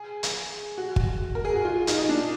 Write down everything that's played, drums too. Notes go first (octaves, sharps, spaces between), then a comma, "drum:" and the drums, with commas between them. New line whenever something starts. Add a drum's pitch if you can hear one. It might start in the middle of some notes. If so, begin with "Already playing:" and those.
Already playing: G#4
drum: hi-hat
F#4
drum: kick
A#4
G#4
F#4
F4
D#4, drum: hi-hat
D#4
D4